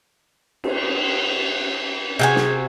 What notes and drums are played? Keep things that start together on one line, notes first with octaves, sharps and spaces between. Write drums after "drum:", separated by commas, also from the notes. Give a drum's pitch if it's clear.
drum: cymbal
C3 F#4 G#4 G#5
drum: snare